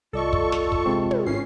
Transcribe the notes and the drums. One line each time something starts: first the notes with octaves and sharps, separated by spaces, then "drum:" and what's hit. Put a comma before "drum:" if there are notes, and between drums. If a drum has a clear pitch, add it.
C2 F4 A4 D5 D#5 C#6
drum: kick
drum: snare
drum: kick
C3 G#3 C4
drum: tom
G#1 C#4 C7